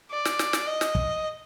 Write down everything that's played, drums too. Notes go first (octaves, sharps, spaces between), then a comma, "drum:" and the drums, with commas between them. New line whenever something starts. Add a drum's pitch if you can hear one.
D5
drum: snare
drum: snare
drum: snare
D#5
drum: snare
drum: kick